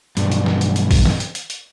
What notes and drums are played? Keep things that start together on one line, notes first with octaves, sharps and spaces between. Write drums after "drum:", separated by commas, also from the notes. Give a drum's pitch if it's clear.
B1 G2, drum: hi-hat
drum: hi-hat
drum: snare
drum: hi-hat
drum: hi-hat
drum: kick A#1, open hi-hat
drum: snare
drum: hi-hat
drum: hi-hat
drum: hi-hat